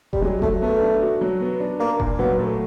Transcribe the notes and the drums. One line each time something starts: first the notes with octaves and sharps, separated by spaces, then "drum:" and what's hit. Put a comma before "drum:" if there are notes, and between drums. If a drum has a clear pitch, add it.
G3, drum: kick E1
F#3 G#3
F#3 A3, drum: kick E1
A3 B3
D4
F#4
F#3
B3
D4
A#3 D4
A#2, drum: kick E1
F#3 B3
A3